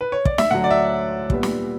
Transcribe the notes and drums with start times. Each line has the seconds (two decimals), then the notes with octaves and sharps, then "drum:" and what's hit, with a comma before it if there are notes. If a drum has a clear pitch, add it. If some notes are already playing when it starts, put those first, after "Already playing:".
0.01 B4
0.12 C#5
0.25 D5, drum: kick
0.38 E5, drum: snare
0.51 D2 D3 F#3 F#5
0.64 D5
0.70 E5
1.30 A#2 G3 B3, drum: kick
1.43 drum: snare